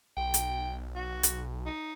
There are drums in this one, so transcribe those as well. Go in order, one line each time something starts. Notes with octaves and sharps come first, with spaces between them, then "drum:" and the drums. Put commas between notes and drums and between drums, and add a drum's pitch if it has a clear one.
B1 G5
drum: hi-hat
F#4
drum: hi-hat
D#4